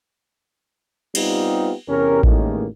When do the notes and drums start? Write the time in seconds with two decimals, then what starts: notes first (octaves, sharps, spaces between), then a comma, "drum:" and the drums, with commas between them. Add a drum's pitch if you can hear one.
1.15 G3 B3 C4 D#4 F4 G4, drum: cymbal
1.88 E2 C3 C#4 G4 A#4
2.23 A1 E2 A2 D#3 G#3 A#3, drum: kick A1